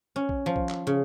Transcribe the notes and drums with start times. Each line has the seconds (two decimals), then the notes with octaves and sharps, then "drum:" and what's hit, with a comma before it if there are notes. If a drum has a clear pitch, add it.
0.16 C#4
0.29 drum: kick
0.46 F3
0.56 drum: kick
0.69 drum: clap
0.87 C#3